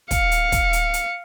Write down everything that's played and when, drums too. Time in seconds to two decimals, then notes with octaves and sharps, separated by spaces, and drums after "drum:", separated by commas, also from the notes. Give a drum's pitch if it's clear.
0.11 F5 C#7, drum: kick, hi-hat
0.31 drum: hi-hat
0.52 drum: kick, hi-hat
0.73 drum: hi-hat
0.94 drum: hi-hat